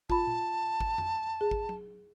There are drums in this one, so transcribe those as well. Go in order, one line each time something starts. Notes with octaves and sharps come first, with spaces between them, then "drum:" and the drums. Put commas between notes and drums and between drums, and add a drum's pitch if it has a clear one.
F4 A5 B5, drum: kick G#1
drum: tom A#2
drum: kick G#1
drum: tom F2
G#4
drum: kick G#1
drum: tom